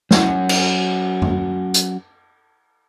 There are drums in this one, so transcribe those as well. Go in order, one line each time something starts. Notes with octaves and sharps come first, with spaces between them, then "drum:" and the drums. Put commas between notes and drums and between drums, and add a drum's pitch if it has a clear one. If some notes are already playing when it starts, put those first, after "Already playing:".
F#3 C#4 F#4, drum: snare
drum: cymbal
drum: tom F#2
drum: hi-hat